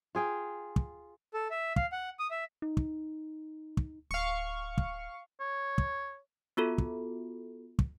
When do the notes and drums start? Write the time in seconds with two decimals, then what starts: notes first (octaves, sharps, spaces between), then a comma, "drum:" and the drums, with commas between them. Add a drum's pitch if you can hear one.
0.15 F4 G#4 G5
0.76 drum: kick
1.34 A4
1.51 E5
1.76 F5, drum: kick
1.92 F#5
2.19 D#6
2.31 E5
2.62 D#4
2.77 drum: kick
3.77 drum: kick
4.11 D1 F5 C#6
4.78 drum: kick
5.41 C#5
5.78 drum: kick
6.57 B3 F4 F#4 A4
6.78 drum: kick
7.79 drum: kick